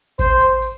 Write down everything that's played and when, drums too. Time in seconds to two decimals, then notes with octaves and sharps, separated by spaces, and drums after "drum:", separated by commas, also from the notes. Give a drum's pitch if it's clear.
0.19 C5, drum: kick A1, tambourine
0.41 drum: tambourine
0.62 drum: tambourine